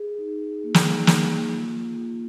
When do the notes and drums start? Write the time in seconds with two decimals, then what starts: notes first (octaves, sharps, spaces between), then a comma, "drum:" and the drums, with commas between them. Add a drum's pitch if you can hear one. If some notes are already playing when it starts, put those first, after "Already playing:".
Already playing: G#4
0.18 D#4
0.64 A#3
0.74 drum: snare
1.07 A#3, drum: snare
1.52 F4
1.97 F4